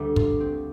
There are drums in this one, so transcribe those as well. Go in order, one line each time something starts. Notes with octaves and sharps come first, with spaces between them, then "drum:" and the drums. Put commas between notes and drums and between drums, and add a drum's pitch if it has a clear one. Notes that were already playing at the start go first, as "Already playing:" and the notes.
Already playing: D2 D3 G3
F4, drum: kick
C4